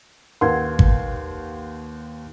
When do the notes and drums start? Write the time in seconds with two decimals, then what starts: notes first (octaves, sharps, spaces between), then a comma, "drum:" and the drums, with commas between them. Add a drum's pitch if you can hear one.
0.41 D#2 A#4 B4 F#5 C6 G#6
0.79 drum: kick